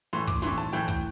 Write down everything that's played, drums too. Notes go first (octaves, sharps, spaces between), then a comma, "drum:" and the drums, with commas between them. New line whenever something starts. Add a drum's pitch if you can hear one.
A2 E3 C6, drum: hi-hat
D6, drum: kick, hi-hat
A2 E3 C6, drum: snare
A5, drum: hi-hat
A2 E3 G5
G5, drum: kick, hi-hat